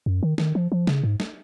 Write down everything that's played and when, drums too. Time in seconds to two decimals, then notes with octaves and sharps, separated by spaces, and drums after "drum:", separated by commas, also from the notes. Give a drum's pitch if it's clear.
0.06 F#2
0.23 D#3
0.38 D#3, drum: snare
0.55 F3
0.72 F3
0.87 C#3, drum: snare
1.04 G#2
1.20 drum: snare